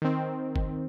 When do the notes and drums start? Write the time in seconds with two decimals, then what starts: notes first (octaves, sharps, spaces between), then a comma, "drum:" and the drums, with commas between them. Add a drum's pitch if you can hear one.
0.02 D#3 C4
0.56 drum: kick